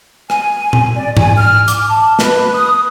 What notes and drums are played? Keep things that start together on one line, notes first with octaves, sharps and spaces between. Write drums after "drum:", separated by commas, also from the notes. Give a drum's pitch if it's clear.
G#5, drum: rim click
drum: tom A#2
D5
G#5, drum: tom G#2
F6
D6, drum: hi-hat
A5
B4, drum: snare
D#6